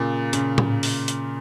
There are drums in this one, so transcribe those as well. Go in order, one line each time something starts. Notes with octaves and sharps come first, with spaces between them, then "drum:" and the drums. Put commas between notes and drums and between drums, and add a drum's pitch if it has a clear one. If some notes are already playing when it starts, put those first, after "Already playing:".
Already playing: A#2 C#3
A#2 C#3, drum: hi-hat
drum: tom A2
drum: open hi-hat
drum: hi-hat